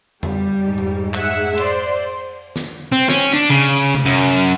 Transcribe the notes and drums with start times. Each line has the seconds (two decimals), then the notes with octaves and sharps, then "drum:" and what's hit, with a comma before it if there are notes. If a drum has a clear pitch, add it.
0.23 G3, drum: tom F2
0.64 G#2
0.78 drum: tom F2
1.14 G#4 E5 F#5, drum: clap
1.58 C5 D5 C6, drum: cymbal
2.56 drum: snare
2.92 C4
3.09 C#4, drum: snare
3.34 D4
3.50 C#3
3.95 drum: tom C3
4.06 F#2